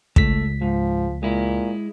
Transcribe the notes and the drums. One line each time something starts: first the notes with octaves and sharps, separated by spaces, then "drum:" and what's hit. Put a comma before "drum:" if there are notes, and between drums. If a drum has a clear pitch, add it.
C#2 A3 B6, drum: kick
G#2 F3
A#2 G#3 E4